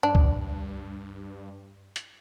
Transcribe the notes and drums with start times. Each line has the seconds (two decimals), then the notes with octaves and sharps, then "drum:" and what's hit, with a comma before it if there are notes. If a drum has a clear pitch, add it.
0.03 G2 D4
0.15 drum: kick C#2
1.96 drum: hi-hat